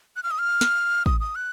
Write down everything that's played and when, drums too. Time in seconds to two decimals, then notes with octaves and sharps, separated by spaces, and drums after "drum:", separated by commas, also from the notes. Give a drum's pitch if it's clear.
0.16 F#6
0.23 F6
0.31 D#6
0.39 F6
0.61 drum: snare
1.06 D#6, drum: kick
1.20 D#6
1.36 F#6